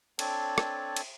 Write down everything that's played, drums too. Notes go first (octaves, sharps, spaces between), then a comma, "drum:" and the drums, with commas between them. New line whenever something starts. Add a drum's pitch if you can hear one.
C4 D4 A4 C#5 A5, drum: cymbal
drum: rim click
drum: cymbal